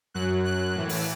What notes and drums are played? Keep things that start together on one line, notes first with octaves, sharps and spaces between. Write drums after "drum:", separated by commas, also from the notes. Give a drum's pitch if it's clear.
F#2 F#3 F#6
F#6
A2 E3
drum: open hi-hat